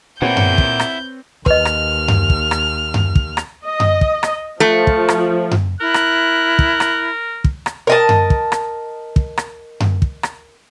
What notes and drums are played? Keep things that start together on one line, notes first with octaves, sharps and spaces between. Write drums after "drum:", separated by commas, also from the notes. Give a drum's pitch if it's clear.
A#2 C4 E4 B4 C#5 F#5 G6
drum: tom F#2
drum: kick
drum: rim click
D#2 B4 D#5 F6, drum: kick
drum: rim click
drum: tom F#2
drum: kick
drum: rim click
drum: tom F#2
drum: kick
drum: rim click
D#5
drum: tom F#2
drum: kick
drum: rim click
F3 A3
drum: kick
drum: rim click
drum: tom F#2
E4 A#4 F#6
drum: rim click
drum: kick
drum: rim click
drum: kick
drum: rim click
A#4 D#5 A5
drum: tom F#2
drum: kick
drum: rim click
drum: kick
drum: rim click
drum: tom F#2
drum: kick
drum: rim click